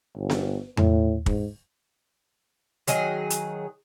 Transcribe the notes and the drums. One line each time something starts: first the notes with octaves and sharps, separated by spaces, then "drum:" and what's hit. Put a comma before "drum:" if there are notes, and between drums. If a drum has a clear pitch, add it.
G1
drum: snare B3
A2, drum: tom E2
G#2, drum: kick
D#3 F#3 G#4 D#5, drum: hi-hat
drum: hi-hat